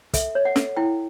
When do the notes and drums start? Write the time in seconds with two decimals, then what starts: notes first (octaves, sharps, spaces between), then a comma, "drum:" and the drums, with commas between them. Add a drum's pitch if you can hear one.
0.14 A4 E5, drum: kick, hi-hat
0.35 C#5
0.45 F#5
0.56 A4, drum: snare
0.77 E4 G5